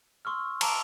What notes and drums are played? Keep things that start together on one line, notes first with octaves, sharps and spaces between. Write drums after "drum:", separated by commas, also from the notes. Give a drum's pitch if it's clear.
C6 C#6 E6 F6
A5 A#5 D6 E6 F7, drum: cymbal